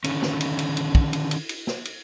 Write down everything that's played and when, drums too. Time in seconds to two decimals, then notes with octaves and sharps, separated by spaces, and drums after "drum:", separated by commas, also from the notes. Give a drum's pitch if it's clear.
0.04 D3 D#3 C#4, drum: cymbal
0.22 drum: snare
0.40 drum: cymbal
0.59 drum: cymbal
0.77 drum: cymbal
0.95 drum: kick
1.13 drum: cymbal
1.31 drum: cymbal
1.49 drum: cymbal
1.67 drum: snare
1.85 drum: cymbal